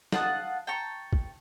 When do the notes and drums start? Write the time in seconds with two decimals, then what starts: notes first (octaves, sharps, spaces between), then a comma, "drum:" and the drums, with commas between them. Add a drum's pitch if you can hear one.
0.12 F5 F#5 A5 D#6, drum: snare
0.67 G5 A5 A#5 C#6
1.13 drum: kick